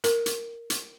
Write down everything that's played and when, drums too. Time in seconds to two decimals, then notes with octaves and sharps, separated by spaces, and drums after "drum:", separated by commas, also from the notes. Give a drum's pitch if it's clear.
0.04 A#4, drum: hi-hat
0.26 drum: hi-hat
0.70 drum: hi-hat